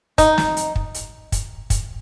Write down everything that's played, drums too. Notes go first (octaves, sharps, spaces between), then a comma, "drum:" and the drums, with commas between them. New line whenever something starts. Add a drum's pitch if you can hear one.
D#4, drum: kick, hi-hat
drum: snare
drum: hi-hat
drum: kick
drum: hi-hat
drum: kick, hi-hat
drum: kick, hi-hat